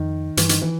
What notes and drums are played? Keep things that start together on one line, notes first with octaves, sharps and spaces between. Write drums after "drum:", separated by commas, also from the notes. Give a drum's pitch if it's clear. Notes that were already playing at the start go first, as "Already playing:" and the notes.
Already playing: F2 D#3
G2 E3, drum: hi-hat
D#3, drum: hi-hat
E3